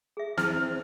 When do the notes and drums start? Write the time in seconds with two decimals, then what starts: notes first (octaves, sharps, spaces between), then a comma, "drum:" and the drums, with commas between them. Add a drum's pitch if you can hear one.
0.17 G#4 E5
0.38 C4 E4 F6, drum: snare